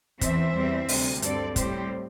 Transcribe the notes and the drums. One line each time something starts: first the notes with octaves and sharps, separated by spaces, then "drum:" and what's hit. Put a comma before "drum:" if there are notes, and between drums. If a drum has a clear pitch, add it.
E2 E3 C4 C5 E5, drum: kick, hi-hat
E2 E3 G3 C4
D2 C3 G3, drum: open hi-hat
G2 G3 C4 A4 D5, drum: hi-hat
A2 G3 C4 G4 C5, drum: kick, hi-hat